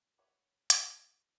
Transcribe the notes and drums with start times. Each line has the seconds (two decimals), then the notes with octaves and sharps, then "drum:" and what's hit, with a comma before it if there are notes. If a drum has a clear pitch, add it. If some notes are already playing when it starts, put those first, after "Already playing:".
0.18 B4 C#5 E5 F#5 B5 D6
0.70 drum: hi-hat